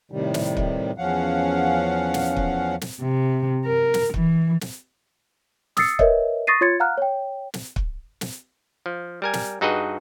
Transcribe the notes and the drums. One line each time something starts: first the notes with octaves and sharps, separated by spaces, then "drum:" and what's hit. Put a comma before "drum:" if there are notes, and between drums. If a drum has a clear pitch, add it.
A2 C3 D#3 G3
drum: snare
drum: kick
E2 F3 C#4 F5 F#5
drum: snare
drum: kick
drum: snare
C3
A#4
drum: snare
E3, drum: kick
drum: snare
D#6 E6 A6 C7 C#7, drum: snare
A#4 B4 C#5 D#5 E5, drum: kick
C#6 D#6 A6 A#6 C7 D#7
F4 C#5 C6 G#6 A6 C#7
F5 F#5 A#5 F6 F#6
C#5 G5
drum: snare
drum: kick
drum: snare
F3
G3 A#4 G#5
drum: snare
G2 D#4 F#4 G#4 B4 D#5